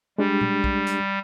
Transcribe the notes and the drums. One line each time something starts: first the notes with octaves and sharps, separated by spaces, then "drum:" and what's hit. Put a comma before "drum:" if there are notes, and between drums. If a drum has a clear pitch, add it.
G3 G#3 D4 G4
drum: tom A#2
drum: kick
drum: hi-hat